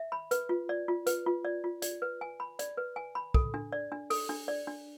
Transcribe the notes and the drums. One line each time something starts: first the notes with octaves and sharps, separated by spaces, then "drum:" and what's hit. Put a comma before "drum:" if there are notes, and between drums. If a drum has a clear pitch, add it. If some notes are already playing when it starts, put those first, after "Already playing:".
Already playing: E5
B5
B4, drum: hi-hat
F4
D5
F4
B4, drum: hi-hat
F4
D5
F4
D5, drum: hi-hat
B4
G#5
B5
D5, drum: hi-hat
B4
G#5
B5
A4, drum: kick
D4
D5
D4
A4, drum: open hi-hat
D4
D5
D4